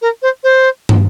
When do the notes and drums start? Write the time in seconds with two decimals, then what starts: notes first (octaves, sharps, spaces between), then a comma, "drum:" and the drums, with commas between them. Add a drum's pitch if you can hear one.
0.01 A#4
0.22 C5
0.43 C5
0.89 drum: tom